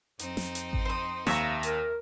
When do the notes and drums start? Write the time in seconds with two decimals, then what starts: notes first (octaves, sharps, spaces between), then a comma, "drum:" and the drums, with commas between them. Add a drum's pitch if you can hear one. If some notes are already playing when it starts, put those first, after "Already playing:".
0.19 F2 C4 D#4, drum: hi-hat
0.37 drum: snare
0.55 drum: hi-hat
0.73 drum: kick G#1
0.85 C5 D#6
1.27 D#2 C#5 E5 F5 A#5, drum: snare
1.63 A#4, drum: hi-hat